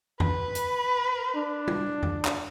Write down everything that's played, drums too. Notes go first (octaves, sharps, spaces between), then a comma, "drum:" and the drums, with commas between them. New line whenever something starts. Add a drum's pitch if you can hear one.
B4, drum: tom F2
drum: hi-hat
D4
drum: tom
drum: tom F2
drum: clap